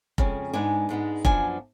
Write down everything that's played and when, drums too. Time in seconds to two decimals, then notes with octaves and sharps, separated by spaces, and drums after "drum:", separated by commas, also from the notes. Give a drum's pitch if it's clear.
0.18 F2 C#3 G#3 C#4, drum: kick F1
0.53 G#2 G#3 B3 D4 G#5
0.89 G#2 G#3 B3 D4
1.25 F#2 F3 B3 D4 G#5, drum: kick F1